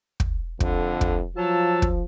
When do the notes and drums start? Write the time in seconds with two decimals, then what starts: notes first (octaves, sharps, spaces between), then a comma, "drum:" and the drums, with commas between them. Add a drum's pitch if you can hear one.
0.20 drum: kick
0.60 F2 D3, drum: kick
1.01 drum: kick
1.37 F3 F#3 F4 A5 E6
1.82 drum: kick